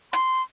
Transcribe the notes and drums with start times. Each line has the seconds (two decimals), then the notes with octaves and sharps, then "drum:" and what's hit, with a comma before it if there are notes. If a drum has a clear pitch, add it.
0.13 C6, drum: hi-hat